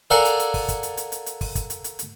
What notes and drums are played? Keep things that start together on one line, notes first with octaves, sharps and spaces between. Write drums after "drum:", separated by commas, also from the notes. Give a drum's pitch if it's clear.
A4 A#4 D5 F5 F#5 G#5
drum: hi-hat
drum: hi-hat
drum: kick, open hi-hat
drum: kick, hi-hat
drum: hi-hat
drum: hi-hat
drum: hi-hat
drum: hi-hat
drum: kick, open hi-hat
drum: kick, hi-hat
drum: hi-hat
drum: hi-hat
drum: hi-hat